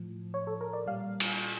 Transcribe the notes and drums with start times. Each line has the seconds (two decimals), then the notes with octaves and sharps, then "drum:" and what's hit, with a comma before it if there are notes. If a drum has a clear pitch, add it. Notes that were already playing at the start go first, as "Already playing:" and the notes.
Already playing: A2 F3
0.34 C#5
0.47 A4
0.61 A#4
0.73 D5
0.86 A#2 G3 F5
1.20 drum: cymbal